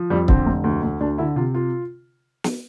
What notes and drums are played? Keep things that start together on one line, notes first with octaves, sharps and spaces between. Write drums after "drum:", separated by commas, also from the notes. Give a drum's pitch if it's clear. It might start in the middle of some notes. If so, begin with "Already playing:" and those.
Already playing: F3
F2 G3
D3 C4, drum: kick
F1
D2
D2
D2 D4
D3 E4
C3 F4
F4
drum: snare